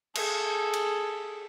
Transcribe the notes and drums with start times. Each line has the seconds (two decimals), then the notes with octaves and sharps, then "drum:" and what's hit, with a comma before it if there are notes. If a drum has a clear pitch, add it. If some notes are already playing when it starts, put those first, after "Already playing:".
0.15 G#4 A4, drum: cymbal
0.74 drum: cymbal